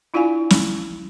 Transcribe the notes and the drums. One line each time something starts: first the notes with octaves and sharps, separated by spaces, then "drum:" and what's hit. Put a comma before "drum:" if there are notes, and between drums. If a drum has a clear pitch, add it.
D4 E4 F4 D5 F5 G#5
drum: snare